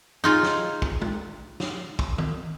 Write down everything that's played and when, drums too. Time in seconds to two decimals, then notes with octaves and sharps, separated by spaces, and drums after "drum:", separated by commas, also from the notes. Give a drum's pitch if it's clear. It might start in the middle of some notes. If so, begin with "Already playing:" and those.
0.24 D#4 F4 G#4
0.43 drum: snare
0.82 drum: kick
1.02 drum: tom
1.60 drum: snare
1.99 drum: kick
2.18 drum: tom D#3